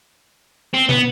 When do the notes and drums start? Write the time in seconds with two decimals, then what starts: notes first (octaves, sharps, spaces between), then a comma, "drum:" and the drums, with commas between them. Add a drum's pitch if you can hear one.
0.74 C4
0.89 B3, drum: tom